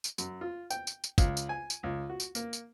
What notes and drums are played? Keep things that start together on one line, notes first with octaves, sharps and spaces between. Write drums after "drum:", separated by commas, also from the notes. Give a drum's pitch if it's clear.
drum: tambourine
F#2, drum: tambourine
F4
G5, drum: tambourine
drum: tambourine
drum: tambourine
C#2, drum: kick, tambourine
drum: tambourine
G#5
drum: tambourine
C#2
F#4
drum: tambourine
A#3, drum: tambourine
drum: tambourine